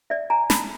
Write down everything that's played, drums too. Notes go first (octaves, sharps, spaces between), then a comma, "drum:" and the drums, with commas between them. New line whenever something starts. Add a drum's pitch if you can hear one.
D5 E5
G#5 A#5
A5 B5, drum: snare